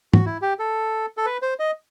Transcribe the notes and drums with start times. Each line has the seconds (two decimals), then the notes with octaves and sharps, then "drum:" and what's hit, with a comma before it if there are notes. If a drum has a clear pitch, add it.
0.14 F#4, drum: tom
0.26 E4
0.42 G4
0.59 A4
1.17 A4
1.26 B4
1.42 C5
1.59 D#5